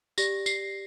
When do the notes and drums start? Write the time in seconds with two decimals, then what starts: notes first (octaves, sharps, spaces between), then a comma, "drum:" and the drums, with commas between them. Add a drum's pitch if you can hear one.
0.18 G4 D5 A#6, drum: tambourine
0.46 C7, drum: tambourine